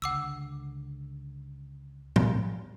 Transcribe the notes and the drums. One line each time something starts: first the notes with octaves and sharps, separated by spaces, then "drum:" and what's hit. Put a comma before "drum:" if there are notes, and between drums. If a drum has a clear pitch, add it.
C#2 D3 F#5 D6 E6
drum: tom